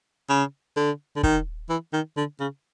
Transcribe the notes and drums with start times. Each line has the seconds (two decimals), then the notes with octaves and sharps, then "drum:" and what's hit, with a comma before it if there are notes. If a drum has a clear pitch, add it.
0.29 C#3
0.76 D3
1.16 D3
1.23 D#3, drum: kick
1.69 E3
1.93 D#3
2.17 D3
2.40 C#3